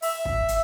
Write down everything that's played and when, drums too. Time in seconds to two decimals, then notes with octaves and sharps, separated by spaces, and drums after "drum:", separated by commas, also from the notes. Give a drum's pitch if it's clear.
0.02 E5, drum: open hi-hat
0.25 drum: kick
0.48 drum: hi-hat